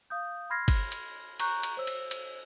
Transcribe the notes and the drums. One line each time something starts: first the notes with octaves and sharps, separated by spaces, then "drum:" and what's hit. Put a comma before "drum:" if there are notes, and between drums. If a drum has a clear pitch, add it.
F5 D#6 G6
B5 C6 F6 G#6 A#6 C7
drum: kick G1, cymbal
drum: cymbal
A#5 C#6 F#6 G6, drum: cymbal
drum: cymbal
C5 C#5 E6
drum: cymbal
drum: cymbal